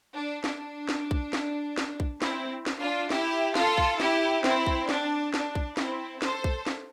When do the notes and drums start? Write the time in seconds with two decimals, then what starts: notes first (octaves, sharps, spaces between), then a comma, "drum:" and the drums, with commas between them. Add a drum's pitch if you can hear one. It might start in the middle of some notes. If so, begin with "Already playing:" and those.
0.15 D4
0.44 D4, drum: snare
0.89 drum: snare
1.11 drum: kick
1.33 drum: snare
1.78 drum: snare
2.00 drum: kick
2.22 C4 E4, drum: snare
2.66 drum: snare
2.81 D4 F4
3.10 E4 G4, drum: snare
3.55 F4 A4, drum: snare
3.78 drum: kick
4.00 E4 G4, drum: snare
4.44 C4 E4, drum: snare
4.66 drum: kick
4.89 D4, drum: snare
5.34 D4, drum: snare
5.55 drum: kick
5.77 C4 E4, drum: snare
6.22 A4 C5, drum: snare
6.44 drum: kick
6.67 drum: snare